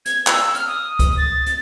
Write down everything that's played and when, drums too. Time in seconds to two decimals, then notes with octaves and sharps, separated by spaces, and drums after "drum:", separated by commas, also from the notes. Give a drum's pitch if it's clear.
0.06 G#6, drum: hi-hat
0.27 E6, drum: clap
0.55 F6, drum: hi-hat
0.68 D#6
0.99 drum: kick C#2, hi-hat
1.17 A6
1.46 drum: hi-hat